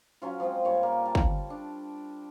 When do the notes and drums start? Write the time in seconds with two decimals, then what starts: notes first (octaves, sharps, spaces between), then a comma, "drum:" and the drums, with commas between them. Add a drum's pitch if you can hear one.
0.22 F#3 C#4 F4
0.40 F3 G#3 C4 C5
0.65 A#2 G3 C#5
0.83 A#3
1.05 A5
1.15 drum: kick
1.50 D4